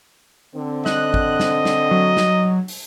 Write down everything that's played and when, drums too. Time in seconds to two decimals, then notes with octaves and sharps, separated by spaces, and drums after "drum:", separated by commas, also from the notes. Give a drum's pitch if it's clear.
0.55 D3 C4
0.86 D#5 F#6, drum: snare
1.14 drum: kick G#1
1.40 drum: snare
1.65 drum: snare
1.91 F#3
2.17 drum: snare
2.68 drum: open hi-hat